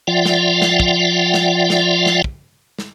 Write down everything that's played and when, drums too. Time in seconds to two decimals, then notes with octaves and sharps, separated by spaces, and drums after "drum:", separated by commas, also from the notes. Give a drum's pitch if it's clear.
0.07 F3 F4 D5 E5 F#5 G5
0.25 drum: snare
0.62 drum: snare
0.80 drum: kick
1.34 drum: snare
1.70 drum: snare
2.06 drum: snare
2.24 drum: kick
2.79 drum: snare